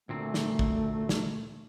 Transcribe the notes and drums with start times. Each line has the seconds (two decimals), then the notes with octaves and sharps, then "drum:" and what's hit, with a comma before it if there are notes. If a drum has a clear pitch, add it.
0.09 D2 A#2 A3 C4
0.34 drum: snare
0.59 drum: kick
1.09 drum: snare